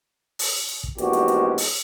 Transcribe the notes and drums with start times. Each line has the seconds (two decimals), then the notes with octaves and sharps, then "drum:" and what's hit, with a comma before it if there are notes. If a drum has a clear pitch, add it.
0.39 drum: open hi-hat
0.69 drum: hi-hat
0.84 drum: kick
0.98 A#1 E2 G#2 F#4 G4, drum: hi-hat
1.13 drum: hi-hat
1.28 drum: hi-hat
1.58 drum: open hi-hat